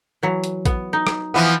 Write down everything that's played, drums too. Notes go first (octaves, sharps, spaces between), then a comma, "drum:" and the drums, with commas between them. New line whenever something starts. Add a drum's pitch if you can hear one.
E3 F#3
drum: hi-hat
B3, drum: kick A#1, hi-hat
D#4
drum: rim click
E3 F3 B3